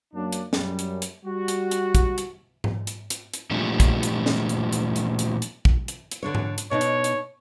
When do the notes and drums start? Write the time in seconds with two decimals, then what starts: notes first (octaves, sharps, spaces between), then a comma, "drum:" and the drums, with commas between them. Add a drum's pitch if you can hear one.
0.14 F#2 F#3 A#3 D4
0.32 drum: hi-hat
0.53 F#2 G3, drum: snare
0.79 drum: hi-hat
1.02 drum: hi-hat
1.25 G3 F#4
1.48 drum: hi-hat
1.71 drum: hi-hat
1.95 drum: kick, hi-hat
2.18 drum: hi-hat
2.64 drum: tom G#2
2.87 drum: hi-hat
3.10 drum: hi-hat
3.34 drum: hi-hat
3.51 A#2 F3 G3 A3 D4
3.80 drum: kick, hi-hat
4.03 drum: hi-hat
4.26 drum: snare
4.49 drum: hi-hat
4.73 drum: hi-hat
4.96 drum: hi-hat
5.19 drum: hi-hat
5.42 drum: hi-hat
5.65 drum: kick
5.88 drum: hi-hat
6.11 drum: hi-hat
6.23 D3 D4 C#5
6.35 drum: tom G#2
6.58 drum: hi-hat
6.71 B2 D4 D#4 C#5
6.81 drum: hi-hat
7.04 drum: hi-hat